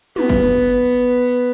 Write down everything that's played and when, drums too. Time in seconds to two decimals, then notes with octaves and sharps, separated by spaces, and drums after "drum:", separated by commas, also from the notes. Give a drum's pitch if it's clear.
0.16 B3, drum: tom
0.29 drum: kick G1
0.70 drum: hi-hat